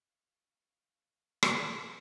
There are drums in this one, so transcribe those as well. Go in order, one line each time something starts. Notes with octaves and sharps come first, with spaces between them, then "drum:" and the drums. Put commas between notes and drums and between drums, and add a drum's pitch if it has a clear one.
F5 C#6
drum: rim click